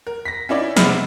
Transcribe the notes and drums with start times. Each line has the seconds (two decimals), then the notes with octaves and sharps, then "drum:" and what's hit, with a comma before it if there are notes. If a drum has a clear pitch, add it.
0.07 A#4
0.25 A#6 B6
0.49 C#4 D#4 E4 D5
0.77 C3 G#3 B3 B5 F6, drum: snare